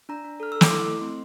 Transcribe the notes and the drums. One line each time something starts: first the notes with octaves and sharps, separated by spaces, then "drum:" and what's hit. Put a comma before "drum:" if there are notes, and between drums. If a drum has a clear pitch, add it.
D4 A#5
D4
A4 F6
A4 E6
D6, drum: snare
E4 C6
A3
C4 C6